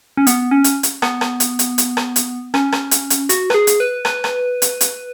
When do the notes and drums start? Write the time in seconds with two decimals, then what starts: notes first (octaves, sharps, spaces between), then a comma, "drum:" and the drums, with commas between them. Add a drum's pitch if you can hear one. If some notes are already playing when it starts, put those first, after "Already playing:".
0.17 C#4
0.27 B3, drum: hi-hat
0.51 C#4
0.64 drum: hi-hat
0.83 drum: hi-hat
1.02 B3, drum: rim click
1.21 drum: rim click
1.40 drum: hi-hat
1.59 drum: hi-hat
1.78 drum: hi-hat
1.97 drum: rim click
2.16 drum: hi-hat
2.54 C#4, drum: rim click
2.72 drum: rim click
2.91 drum: hi-hat
3.10 drum: hi-hat
3.29 F#4, drum: hi-hat
3.50 B4, drum: rim click
3.54 G#4
3.67 drum: hi-hat
3.80 B4
4.05 B4, drum: rim click
4.24 drum: rim click
4.62 drum: hi-hat
4.81 drum: hi-hat